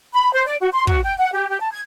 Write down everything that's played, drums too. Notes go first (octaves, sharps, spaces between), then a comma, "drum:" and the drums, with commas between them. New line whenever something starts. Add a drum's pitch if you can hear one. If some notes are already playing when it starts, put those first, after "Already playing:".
B5
C5
D5
F#4
C6
F#4, drum: kick
G5
F#5
G4
G4
A5
G#6